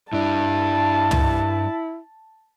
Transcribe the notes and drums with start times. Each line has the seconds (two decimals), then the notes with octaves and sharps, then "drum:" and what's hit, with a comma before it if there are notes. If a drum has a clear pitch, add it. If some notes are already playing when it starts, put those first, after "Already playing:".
0.13 G2 D4 E4 A5
1.11 drum: tom